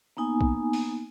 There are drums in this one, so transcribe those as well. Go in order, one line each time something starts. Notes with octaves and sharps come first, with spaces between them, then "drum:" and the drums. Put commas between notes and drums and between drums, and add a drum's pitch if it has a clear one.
A#3 B3 D#4 G#5
drum: kick
drum: open hi-hat